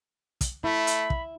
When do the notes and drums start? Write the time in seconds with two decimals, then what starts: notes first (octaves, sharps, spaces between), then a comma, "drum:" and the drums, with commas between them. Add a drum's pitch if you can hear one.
0.41 drum: kick, hi-hat
0.64 A3 E4 B5
0.87 drum: hi-hat
1.10 drum: kick